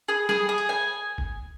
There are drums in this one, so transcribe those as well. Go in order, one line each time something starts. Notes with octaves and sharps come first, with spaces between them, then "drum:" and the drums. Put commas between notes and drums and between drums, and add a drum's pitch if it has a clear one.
G#4
G#4, drum: snare
G#4
drum: hi-hat
G#5
drum: kick G1